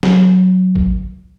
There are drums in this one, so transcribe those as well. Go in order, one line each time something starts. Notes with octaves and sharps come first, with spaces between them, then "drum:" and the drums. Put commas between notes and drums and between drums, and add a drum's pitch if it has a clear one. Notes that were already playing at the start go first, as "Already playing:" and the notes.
F#3, drum: snare
drum: kick G#1